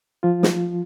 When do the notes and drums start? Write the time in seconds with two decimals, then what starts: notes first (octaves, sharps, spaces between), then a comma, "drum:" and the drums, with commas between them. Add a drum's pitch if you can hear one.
0.23 F3 F4
0.43 drum: snare